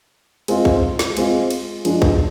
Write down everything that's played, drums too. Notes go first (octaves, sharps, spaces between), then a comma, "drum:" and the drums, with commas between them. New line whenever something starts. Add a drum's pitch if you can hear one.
G#3 C4 F4, drum: cymbal
drum: kick
drum: snare
G#3 C4 F4, drum: cymbal
drum: cymbal
F3 G#3 D4, drum: cymbal
drum: kick